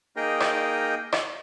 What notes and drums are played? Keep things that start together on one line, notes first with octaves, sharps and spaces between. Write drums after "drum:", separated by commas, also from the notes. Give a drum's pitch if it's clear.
A#3 D#4 G#4 A#4 D#5 G5
drum: rim click
drum: rim click